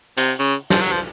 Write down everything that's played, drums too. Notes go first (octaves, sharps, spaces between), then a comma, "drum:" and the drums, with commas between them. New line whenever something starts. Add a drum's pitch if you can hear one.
C3, drum: hi-hat
C#3
F3, drum: snare
F#3
F3